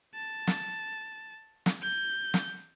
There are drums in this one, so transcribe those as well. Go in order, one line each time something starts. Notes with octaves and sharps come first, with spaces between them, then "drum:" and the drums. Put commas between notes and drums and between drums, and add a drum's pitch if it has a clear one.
A5
drum: snare
drum: snare
G6
drum: snare